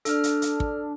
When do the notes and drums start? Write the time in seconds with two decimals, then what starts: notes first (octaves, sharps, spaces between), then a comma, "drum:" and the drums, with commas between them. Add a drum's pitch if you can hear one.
0.05 D4 A4 F6, drum: hi-hat
0.24 drum: hi-hat
0.42 drum: hi-hat
0.60 drum: kick